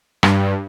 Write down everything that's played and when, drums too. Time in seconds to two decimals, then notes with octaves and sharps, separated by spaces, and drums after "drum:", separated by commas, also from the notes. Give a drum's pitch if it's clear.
0.23 G2, drum: rim click